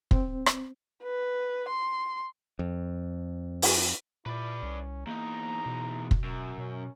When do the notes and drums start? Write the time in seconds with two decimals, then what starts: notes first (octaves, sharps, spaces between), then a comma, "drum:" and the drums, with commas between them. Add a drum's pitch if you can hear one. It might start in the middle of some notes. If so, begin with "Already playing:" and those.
0.11 C4, drum: kick
0.46 drum: rim click
1.03 B4
1.69 C6
2.59 F2
3.62 drum: open hi-hat
4.26 A#2 E4 B4 D5
4.63 C2 C#4
5.07 E2 A#3 D#4 A#5
5.66 B2
6.11 drum: kick
6.24 F#2
6.58 B2 C#4